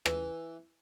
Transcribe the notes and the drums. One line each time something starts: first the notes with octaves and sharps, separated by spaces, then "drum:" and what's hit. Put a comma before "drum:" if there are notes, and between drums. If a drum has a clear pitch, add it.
E3, drum: rim click